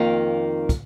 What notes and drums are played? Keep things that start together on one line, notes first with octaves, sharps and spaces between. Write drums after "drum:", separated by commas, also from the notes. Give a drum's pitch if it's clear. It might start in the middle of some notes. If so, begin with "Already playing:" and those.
Already playing: F2 D#3 A#3
drum: kick, hi-hat